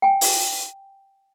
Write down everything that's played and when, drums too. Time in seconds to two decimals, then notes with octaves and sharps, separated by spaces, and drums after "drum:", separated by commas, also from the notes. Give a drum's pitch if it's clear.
0.02 G5 G#5
0.21 drum: open hi-hat